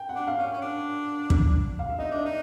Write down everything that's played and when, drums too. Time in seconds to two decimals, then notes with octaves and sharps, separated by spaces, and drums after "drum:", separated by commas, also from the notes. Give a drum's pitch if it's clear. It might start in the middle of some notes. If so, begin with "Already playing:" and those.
Already playing: G5
0.09 F#5
0.15 D4
0.27 F5
0.38 C#4
0.53 C#4
0.62 D4
1.30 drum: kick
1.79 F5
1.89 E5
1.99 D#4 D#5
2.11 D4 D5
2.25 D#4